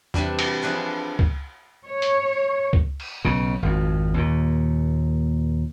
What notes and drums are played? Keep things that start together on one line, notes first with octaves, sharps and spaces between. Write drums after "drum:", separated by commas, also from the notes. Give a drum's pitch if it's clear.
C3 E3 G3 D4 E4, drum: tom E2
drum: cymbal
F3 D4 G#4 B4 C5
drum: kick C#2
C#5
drum: hi-hat
drum: kick C#2
drum: cymbal
B1 C#3
G#1 F2
D#2 A#2